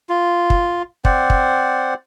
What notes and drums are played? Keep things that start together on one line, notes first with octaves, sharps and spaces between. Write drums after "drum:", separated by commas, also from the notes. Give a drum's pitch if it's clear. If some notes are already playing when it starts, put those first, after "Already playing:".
F4
drum: kick
C4 C5 D5 F#5, drum: kick
drum: kick